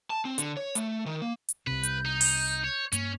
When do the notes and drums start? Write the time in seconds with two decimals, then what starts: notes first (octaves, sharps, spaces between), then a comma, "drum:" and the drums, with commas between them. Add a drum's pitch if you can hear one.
0.10 A5
0.25 C4
0.38 D3, drum: hi-hat
0.57 C#5
0.75 A3, drum: hi-hat
1.06 D#3
1.22 A#3
1.49 drum: hi-hat
1.67 C2 C3 B4
1.83 G6, drum: hi-hat
2.05 D#4
2.21 drum: open hi-hat
2.64 C#5
2.93 G2 A#3 C#4, drum: hi-hat